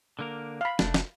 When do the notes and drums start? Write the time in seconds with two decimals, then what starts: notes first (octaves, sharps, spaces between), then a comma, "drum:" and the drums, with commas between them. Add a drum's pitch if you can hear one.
0.19 D3 A#3 A#4
0.61 F5 B5
0.79 F1 A3 D4, drum: snare
0.94 drum: snare